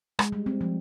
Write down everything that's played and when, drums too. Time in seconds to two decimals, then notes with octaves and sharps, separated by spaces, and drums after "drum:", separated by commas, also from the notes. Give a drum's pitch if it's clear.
0.19 G#3, drum: rim click
0.32 G3
0.46 C4
0.61 F3